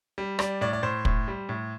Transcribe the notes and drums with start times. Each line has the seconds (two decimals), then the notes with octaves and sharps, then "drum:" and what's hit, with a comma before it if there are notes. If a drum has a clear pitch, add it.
0.18 G3
0.39 G3 D5, drum: rim click
0.61 A2 D5
0.73 D5
0.83 A2 C5
1.05 A2, drum: kick
1.28 G3
1.49 A2